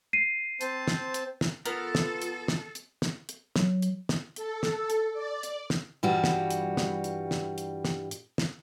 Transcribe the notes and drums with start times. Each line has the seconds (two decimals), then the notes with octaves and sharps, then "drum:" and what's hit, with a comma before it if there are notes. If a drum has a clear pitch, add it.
0.13 C7 D#7
0.61 C4 C5 A5, drum: hi-hat
0.88 drum: snare
1.14 drum: hi-hat
1.41 drum: snare
1.66 B3 F4 A4 A#4 F6, drum: hi-hat
1.95 drum: snare
2.22 drum: hi-hat
2.48 drum: snare
2.75 drum: hi-hat
3.02 drum: snare
3.29 drum: hi-hat
3.56 F#3, drum: snare
3.82 drum: hi-hat
4.09 drum: snare
4.36 A4, drum: hi-hat
4.63 drum: snare
4.90 drum: hi-hat
5.13 D5
5.43 drum: hi-hat
5.70 drum: snare
6.03 G2 E3 G3 F4 F#4
6.24 drum: snare
6.51 drum: hi-hat
6.77 drum: snare
7.04 drum: hi-hat
7.31 drum: snare
7.58 drum: hi-hat
7.85 drum: snare
8.11 drum: hi-hat
8.38 drum: snare